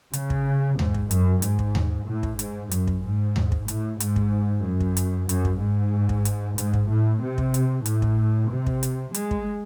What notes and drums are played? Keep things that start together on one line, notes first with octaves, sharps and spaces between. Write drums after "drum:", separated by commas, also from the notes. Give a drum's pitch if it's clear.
C#3, drum: hi-hat
drum: kick
G#2, drum: tom D#2
drum: kick
F#2, drum: hi-hat
G#2, drum: hi-hat
drum: kick
drum: tom D#2
A2
drum: kick
G#2, drum: hi-hat
F#2, drum: hi-hat
drum: kick
G#2
drum: tom D#2
drum: kick
A2, drum: hi-hat
G#2, drum: hi-hat
drum: kick
F#2
drum: kick
drum: hi-hat
F#2, drum: hi-hat
drum: kick
G#2
drum: kick
drum: hi-hat
G#2, drum: hi-hat
drum: kick
A2
C3
drum: kick
drum: hi-hat
A2, drum: hi-hat
drum: kick
C3
drum: kick
drum: hi-hat
G#3, drum: hi-hat
drum: kick